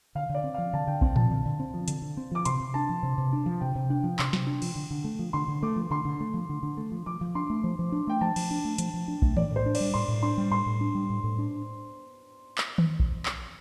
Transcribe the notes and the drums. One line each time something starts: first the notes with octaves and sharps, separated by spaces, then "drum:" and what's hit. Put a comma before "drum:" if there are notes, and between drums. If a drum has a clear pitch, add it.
D3 F5
D3
D5
C4
F5
F3
D3 A5
D3 G5
C4 G5, drum: kick A#1
F3 A5, drum: tom A2
D3
D3
C4
F3
D3, drum: hi-hat
D3
C4
F3 D6
C3 C6, drum: hi-hat
C3
D4 A5
F3
C3
C3
D4
F3
C3 G5
C3
D4 G5
F3
C3 C6, drum: clap
C3, drum: snare
D4
F3, drum: cymbal
D3
D3
A3
F3
D3 C6
D3
A3 D6
F3
D3 C6
D3
A3
F3
D3
D3
A3
F3
F3 D6
F3
D4 C6
A3
F3
F3
D4
A3 G5
F3 A5
F3, drum: cymbal
D4
A3
F3, drum: hi-hat
F3
D4
A3, drum: kick A#1
A2 D5, drum: tom D#3
A2
C5
D4
D5, drum: cymbal
G3
A2 C6
A2
D4 C6
G3
A2 C6
A2
D4
G3
A2
A2
D4
drum: clap
drum: tom D#3
drum: kick A#1
drum: clap